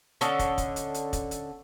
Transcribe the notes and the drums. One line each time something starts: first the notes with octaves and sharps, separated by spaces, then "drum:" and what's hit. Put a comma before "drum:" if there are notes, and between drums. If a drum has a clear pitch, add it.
D3 C#4 A4 D#5, drum: hi-hat
drum: kick, hi-hat
drum: kick, hi-hat
drum: hi-hat
drum: hi-hat
drum: kick, hi-hat
drum: hi-hat